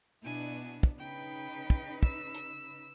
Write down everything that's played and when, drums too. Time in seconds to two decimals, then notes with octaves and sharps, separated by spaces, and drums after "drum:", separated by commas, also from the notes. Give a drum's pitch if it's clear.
0.23 B2 B3 D4 E4 G#5
0.83 drum: kick
0.99 C#3 D#4 B4 G5
1.70 drum: kick
2.03 E6, drum: kick
2.34 drum: hi-hat